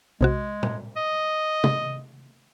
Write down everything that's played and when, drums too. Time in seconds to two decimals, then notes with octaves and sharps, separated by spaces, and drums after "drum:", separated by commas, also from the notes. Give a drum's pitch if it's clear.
0.21 B1 C3 G#3 F#4
0.63 drum: tom A#2
0.96 D#5
1.64 drum: tom